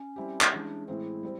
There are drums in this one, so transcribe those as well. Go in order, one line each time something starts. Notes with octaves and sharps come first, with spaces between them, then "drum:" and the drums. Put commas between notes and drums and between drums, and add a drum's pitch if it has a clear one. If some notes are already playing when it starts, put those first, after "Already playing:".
Already playing: C#4
G3 C4 E4 G4
drum: clap
E3 G#3 C#4 D4
A2 E3 G#3 C4 E4
G3 C4